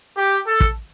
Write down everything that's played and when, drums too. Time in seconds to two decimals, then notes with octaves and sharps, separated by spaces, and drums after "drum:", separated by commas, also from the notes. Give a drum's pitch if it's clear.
0.16 G4
0.46 A4
0.61 drum: kick